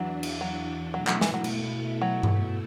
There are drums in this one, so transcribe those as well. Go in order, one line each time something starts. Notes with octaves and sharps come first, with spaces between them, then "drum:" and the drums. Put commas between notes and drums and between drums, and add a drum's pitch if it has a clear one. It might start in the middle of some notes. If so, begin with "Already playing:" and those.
Already playing: E2 E3 F#3 D4
drum: cymbal
F#3
B2 F#3 A3 E4
F#3, drum: clap
E3, drum: snare
F#3
drum: cymbal
F#3
drum: tom G2